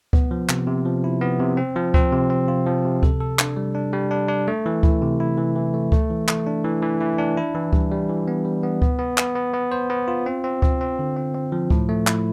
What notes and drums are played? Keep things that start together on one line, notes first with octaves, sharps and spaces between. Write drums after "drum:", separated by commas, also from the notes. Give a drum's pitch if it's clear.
B3, drum: kick C#2
F3
C3, drum: clap
C3
F3
E4
B3
C3
C4
F3
C4, drum: kick C#2
C3
C4
F4
F3
C3
A4, drum: kick C#2
A4
D4, drum: clap
G3
D4
G3
D4
D4
A3
E3
E4, drum: kick C#2
C3
E4
E3
E3
A3
A3, drum: kick C#2
E3
A3, drum: clap
D4
E3
E3
E3
D4
E4
E3
G3, drum: kick C#2
G3
E3
B3
G3
B3
B3, drum: kick C#2
B3
B3, drum: clap
B3
B3
C5
B3
F4
C4
C4
C4, drum: kick C#2
C4
D3
C4
C4
F3
A2, drum: kick C#2
A3
E4, drum: clap